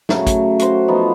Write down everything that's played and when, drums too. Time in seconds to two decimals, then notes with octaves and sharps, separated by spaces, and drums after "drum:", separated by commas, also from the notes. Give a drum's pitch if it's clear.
0.09 C#3 F#3 A3, drum: snare
0.27 drum: kick, hi-hat
0.59 F#4 C5, drum: hi-hat
0.88 F3 B3 D#4